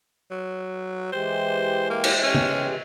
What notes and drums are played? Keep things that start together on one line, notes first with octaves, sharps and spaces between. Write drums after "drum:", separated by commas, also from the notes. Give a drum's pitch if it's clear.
F#3
E3 G#3 G4 C5
A#3
drum: cymbal
C#4
drum: tom